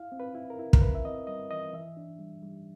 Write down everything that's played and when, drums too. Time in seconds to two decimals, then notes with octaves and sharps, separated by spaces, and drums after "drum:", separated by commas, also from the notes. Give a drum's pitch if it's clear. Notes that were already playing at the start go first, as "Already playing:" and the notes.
Already playing: E4 F5
0.12 C4
0.20 B4
0.35 E4
0.50 A#4
0.59 E4
0.73 A#4, drum: kick
0.82 E4 B4
0.95 E5
1.05 C4 D#5
1.27 G3 D#5
1.51 E3 D#5
1.73 E3 E5
1.97 D4
2.19 G3
2.42 G3